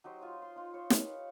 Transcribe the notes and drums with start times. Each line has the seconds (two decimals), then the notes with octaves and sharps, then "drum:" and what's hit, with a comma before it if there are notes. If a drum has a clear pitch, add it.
0.04 F#3 D#4 G4 C5
0.22 F4 G#5
0.42 C6
0.56 D#4 F4
0.73 C5 C#5 C#6
0.90 D#4 G4 B4 F5, drum: snare